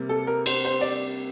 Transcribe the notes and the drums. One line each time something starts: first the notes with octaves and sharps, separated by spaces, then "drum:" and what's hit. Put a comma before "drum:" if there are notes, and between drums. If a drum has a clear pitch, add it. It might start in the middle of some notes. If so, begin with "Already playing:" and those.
Already playing: C3 G3 A#3
A4
A#4
C5, drum: cymbal
C5
D5